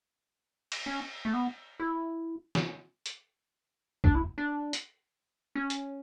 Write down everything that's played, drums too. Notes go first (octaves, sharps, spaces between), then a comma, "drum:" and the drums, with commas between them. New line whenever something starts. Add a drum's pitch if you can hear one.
drum: cymbal
C#4
A3
B3
E4
drum: snare
drum: hi-hat
D4, drum: kick
E4
D4
drum: hi-hat
C#4
drum: hi-hat